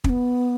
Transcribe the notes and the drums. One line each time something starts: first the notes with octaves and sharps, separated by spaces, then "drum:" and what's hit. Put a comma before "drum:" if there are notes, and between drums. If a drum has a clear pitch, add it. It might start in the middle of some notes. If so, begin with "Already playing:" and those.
C#4, drum: kick
B3